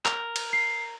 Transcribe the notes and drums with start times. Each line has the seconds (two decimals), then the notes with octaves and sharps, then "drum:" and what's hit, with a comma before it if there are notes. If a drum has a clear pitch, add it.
0.05 A#4, drum: clap
0.36 drum: cymbal
0.53 C7